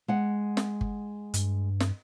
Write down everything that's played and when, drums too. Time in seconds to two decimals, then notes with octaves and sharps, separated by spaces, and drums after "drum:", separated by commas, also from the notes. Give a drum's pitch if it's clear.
0.08 G#3 F#5
0.57 drum: snare
0.81 drum: kick G1
1.34 G2, drum: hi-hat
1.80 drum: snare